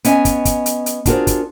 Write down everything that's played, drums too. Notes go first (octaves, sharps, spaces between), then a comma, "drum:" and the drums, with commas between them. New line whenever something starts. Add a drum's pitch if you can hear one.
B3 C#4 D#5 E5 G#5, drum: hi-hat
drum: kick, hi-hat
drum: kick, hi-hat
drum: hi-hat
drum: hi-hat
D4 F4 F#4 G#4 A#4 C5, drum: kick, hi-hat
drum: kick, hi-hat